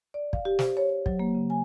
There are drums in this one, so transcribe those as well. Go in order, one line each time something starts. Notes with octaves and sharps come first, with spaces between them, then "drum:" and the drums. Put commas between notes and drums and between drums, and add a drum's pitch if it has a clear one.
D5
F5, drum: kick
G4
C5, drum: snare
C#5
C#5
F#3, drum: kick
A#3
C#3
G#5